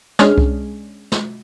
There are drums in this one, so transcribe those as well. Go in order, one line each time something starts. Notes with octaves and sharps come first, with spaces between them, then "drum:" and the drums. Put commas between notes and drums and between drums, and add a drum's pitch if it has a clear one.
G#3 C#4 D4 G#4 F6, drum: snare
drum: kick C2
drum: snare